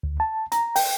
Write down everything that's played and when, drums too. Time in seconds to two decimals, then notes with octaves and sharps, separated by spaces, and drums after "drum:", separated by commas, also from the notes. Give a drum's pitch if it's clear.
0.03 D2
0.20 A5
0.52 A#5, drum: hi-hat
0.76 G5, drum: open hi-hat